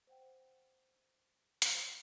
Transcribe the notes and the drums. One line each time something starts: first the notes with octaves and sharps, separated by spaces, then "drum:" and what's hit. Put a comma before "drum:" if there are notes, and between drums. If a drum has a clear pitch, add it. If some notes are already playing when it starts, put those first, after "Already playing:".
C5 F#5 G5
drum: hi-hat